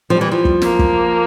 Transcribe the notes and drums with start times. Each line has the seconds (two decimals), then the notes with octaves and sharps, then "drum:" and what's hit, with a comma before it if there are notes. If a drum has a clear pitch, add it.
0.10 F3 G3
0.21 E3
0.32 F3
0.45 drum: kick
0.62 A#3, drum: snare
0.79 drum: kick